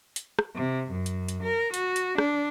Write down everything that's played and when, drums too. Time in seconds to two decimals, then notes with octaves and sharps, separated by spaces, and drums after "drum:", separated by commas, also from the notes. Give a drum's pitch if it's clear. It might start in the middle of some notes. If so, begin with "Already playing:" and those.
0.16 drum: hi-hat
0.39 drum: rim click
0.56 C3
0.91 F#2
1.06 drum: hi-hat
1.29 drum: hi-hat
1.43 A#4
1.74 F#4, drum: hi-hat
1.96 drum: hi-hat
2.18 D4, drum: rim click